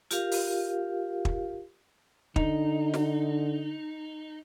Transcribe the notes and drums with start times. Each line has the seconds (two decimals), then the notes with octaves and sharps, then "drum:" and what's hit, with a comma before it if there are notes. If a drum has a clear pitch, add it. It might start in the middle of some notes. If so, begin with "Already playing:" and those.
0.11 F4 G4 A#4 F5, drum: hi-hat
0.31 drum: open hi-hat
1.25 drum: kick
2.36 D3 D#4, drum: kick
2.94 drum: snare